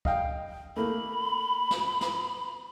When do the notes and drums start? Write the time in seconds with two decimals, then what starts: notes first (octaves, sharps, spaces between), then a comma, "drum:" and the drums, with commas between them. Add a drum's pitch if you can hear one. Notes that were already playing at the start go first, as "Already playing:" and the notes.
0.05 D#5 F5 G5, drum: kick
0.76 A3 A#3 B5
1.71 drum: snare
2.01 drum: snare